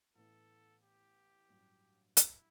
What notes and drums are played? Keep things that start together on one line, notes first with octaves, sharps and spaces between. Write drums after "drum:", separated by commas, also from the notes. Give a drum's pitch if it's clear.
A1 A2 E3 B3 A4
G4
A1 G2 F#3
E4, drum: hi-hat